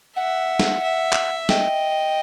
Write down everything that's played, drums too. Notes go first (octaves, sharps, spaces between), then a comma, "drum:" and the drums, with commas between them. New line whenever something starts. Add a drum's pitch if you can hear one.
E5 F#5
drum: snare
E5
drum: clap
D#5 G5, drum: snare